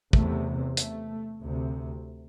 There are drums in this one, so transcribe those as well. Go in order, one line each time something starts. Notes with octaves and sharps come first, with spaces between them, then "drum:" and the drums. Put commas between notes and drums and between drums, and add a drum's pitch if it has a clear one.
E2 C3 A3, drum: kick
A3, drum: hi-hat
D2 C3